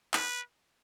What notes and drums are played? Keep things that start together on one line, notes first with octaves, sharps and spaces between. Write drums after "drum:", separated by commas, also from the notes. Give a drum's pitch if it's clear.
B4, drum: clap